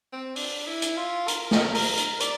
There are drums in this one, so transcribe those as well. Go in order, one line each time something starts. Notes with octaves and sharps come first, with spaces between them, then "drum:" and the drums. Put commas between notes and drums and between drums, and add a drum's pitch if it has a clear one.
C4
D4, drum: open hi-hat
E4
drum: hi-hat
F4
A#4, drum: hi-hat
drum: snare
A#4, drum: open hi-hat
drum: hi-hat
D5, drum: hi-hat